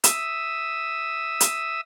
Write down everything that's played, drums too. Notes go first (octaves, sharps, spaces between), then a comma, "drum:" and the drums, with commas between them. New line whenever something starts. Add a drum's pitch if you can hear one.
E5 D#6 E6, drum: hi-hat
drum: hi-hat